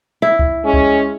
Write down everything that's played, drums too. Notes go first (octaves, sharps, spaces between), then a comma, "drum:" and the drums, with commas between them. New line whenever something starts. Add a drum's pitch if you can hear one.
E4
drum: kick C#2
G#3 C#4
drum: kick C#2